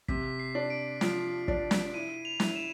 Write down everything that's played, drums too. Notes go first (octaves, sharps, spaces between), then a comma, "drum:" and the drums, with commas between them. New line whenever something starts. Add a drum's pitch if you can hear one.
C3 B6, drum: kick
C7
D4
D7
F3 D7, drum: snare
D4, drum: kick
drum: snare
E4 D#7
F7
E4, drum: snare
E7